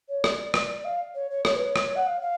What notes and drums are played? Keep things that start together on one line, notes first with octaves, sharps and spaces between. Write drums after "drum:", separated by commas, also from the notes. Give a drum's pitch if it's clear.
C#5
D5, drum: rim click
drum: rim click
F5
C#5
C#5
C#5, drum: rim click
B4
C#5
drum: rim click
F#5
F5
F5